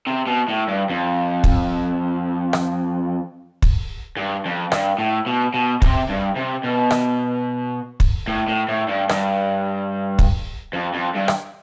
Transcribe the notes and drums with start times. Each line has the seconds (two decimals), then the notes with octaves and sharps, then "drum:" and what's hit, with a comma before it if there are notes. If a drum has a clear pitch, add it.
0.07 C3
0.27 B2
0.49 A2
0.68 G2
0.90 F2
1.44 drum: kick
2.53 drum: rim click
3.62 drum: kick
4.17 G2
4.45 F2
4.72 G2, drum: rim click
4.99 A2
5.26 B2
5.54 B2
5.82 C3, drum: kick
6.09 G2
6.36 C3
6.64 B2
6.91 drum: rim click
8.00 drum: kick
8.28 A2
8.48 A2
8.68 A2
8.88 G2
9.09 G2, drum: rim click
10.19 drum: kick
10.73 F2
10.94 F2
11.15 G2
11.28 drum: rim click